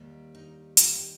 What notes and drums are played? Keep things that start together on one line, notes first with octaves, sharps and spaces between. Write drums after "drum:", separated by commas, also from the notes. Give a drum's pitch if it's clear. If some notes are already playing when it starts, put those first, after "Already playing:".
Already playing: D#2 D#3 G3
D#4
F4, drum: hi-hat
G4